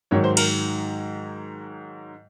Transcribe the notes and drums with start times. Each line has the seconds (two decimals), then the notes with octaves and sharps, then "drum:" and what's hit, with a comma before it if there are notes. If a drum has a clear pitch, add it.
0.11 G#2 D#3 F#3 C#5
0.24 C5
0.37 A#4, drum: cymbal